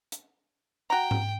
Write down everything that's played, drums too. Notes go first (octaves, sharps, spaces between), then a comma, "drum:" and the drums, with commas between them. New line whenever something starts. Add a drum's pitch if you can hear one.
drum: hi-hat
F#4 G5 A#5
drum: tom G#2